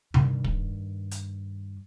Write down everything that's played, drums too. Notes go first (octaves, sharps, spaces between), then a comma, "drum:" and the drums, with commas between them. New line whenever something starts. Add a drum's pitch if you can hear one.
G2 D#3, drum: tom C3
drum: kick
drum: hi-hat